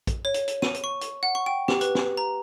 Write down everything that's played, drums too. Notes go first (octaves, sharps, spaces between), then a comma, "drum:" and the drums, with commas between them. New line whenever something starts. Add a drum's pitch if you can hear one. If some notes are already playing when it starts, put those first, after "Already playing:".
drum: kick, hi-hat
C#5
drum: hi-hat
drum: hi-hat
D#7, drum: snare
drum: hi-hat
C#6
drum: hi-hat
F#5
C#6
G5
G4, drum: snare
B4, drum: hi-hat
drum: snare
A#5